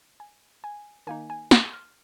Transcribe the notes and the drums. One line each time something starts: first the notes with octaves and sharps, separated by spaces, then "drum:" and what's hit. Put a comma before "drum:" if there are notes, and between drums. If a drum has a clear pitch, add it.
G#5
G#5
D#3 A#3 D#4 G#5
G#5
C6, drum: snare
F6